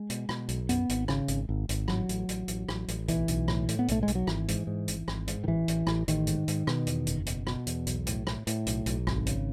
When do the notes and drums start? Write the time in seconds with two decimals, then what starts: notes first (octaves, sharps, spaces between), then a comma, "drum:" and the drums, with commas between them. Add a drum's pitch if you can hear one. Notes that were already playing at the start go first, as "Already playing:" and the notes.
Already playing: G#3
0.10 B2, drum: hi-hat
0.29 B2, drum: rim click
0.49 B1, drum: hi-hat
0.69 F#2 B3, drum: hi-hat
0.89 G#1, drum: hi-hat
1.08 C#3, drum: rim click
1.28 G#1, drum: hi-hat
1.49 G#1
1.69 G#1, drum: hi-hat
1.88 A1 F#3, drum: rim click
2.09 A1, drum: hi-hat
2.29 A1, drum: hi-hat
2.48 A1, drum: hi-hat
2.69 A1, drum: rim click
2.88 A1, drum: hi-hat
3.08 B1 E3, drum: hi-hat
3.28 B1, drum: hi-hat
3.48 A2, drum: rim click
3.68 A2, drum: hi-hat
3.79 B3
3.88 B1 A3, drum: hi-hat
4.03 G#3
4.08 B1, drum: hi-hat
4.15 F#3
4.27 G#1 E3, drum: rim click
4.48 G#2, drum: hi-hat
4.67 G#2
4.88 G#1, drum: hi-hat
5.08 G#1, drum: rim click
5.27 G#2, drum: hi-hat
5.44 D#3
5.48 A1 E3
5.68 A1, drum: hi-hat
5.87 A1, drum: rim click
6.08 A1 D#3, drum: hi-hat
6.27 G#2, drum: hi-hat
6.48 G#2, drum: hi-hat
6.67 B2, drum: rim click
6.87 E2, drum: hi-hat
7.07 F#1, drum: hi-hat
7.26 B2, drum: hi-hat
7.47 B2, drum: rim click
7.67 E2, drum: hi-hat
7.87 B1, drum: hi-hat
8.06 A2, drum: hi-hat
8.27 A2, drum: rim click
8.47 A2, drum: hi-hat
8.66 B1, drum: hi-hat
8.86 B1, drum: hi-hat
9.07 G#1, drum: rim click
9.26 C#3, drum: hi-hat